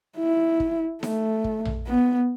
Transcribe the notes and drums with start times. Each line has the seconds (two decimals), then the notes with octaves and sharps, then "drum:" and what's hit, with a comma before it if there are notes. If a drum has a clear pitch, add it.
0.18 E4
0.60 drum: kick
1.03 A3, drum: snare D#4
1.44 drum: kick
1.65 drum: tom A#1
1.87 B3